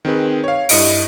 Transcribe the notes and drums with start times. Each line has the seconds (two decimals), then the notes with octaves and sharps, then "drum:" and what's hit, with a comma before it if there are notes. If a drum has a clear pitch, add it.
0.05 D#3 C4 G#4 B4
0.44 C#5 F5
0.69 G2 E4 D#5 C#7 D7, drum: open hi-hat